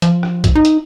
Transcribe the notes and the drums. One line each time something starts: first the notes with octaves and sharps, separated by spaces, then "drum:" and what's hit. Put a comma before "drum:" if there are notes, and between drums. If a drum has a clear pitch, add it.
F3, drum: hi-hat
drum: rim click
drum: kick, hi-hat
D#4
drum: hi-hat